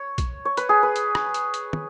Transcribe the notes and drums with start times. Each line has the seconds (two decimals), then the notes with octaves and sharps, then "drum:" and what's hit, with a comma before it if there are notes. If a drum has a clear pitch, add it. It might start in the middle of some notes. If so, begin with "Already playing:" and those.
Already playing: C#5
0.18 drum: kick, hi-hat
0.45 C#5
0.57 B4, drum: hi-hat
0.69 G#4
0.83 B4
0.96 drum: hi-hat
1.15 drum: rim click
1.34 drum: hi-hat
1.54 drum: hi-hat
1.73 drum: tom